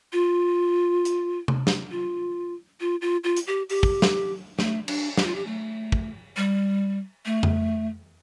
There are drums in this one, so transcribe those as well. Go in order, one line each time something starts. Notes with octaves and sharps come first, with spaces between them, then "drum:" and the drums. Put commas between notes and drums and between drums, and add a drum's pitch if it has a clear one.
F4
drum: hi-hat
drum: tom C3
drum: snare
F4
F4
F4
F4
drum: hi-hat
G4
G4, drum: open hi-hat
drum: kick
drum: snare
A3, drum: snare
D4, drum: cymbal
G4, drum: snare
F4
G4
A3
drum: kick
G3
A3
drum: tom F2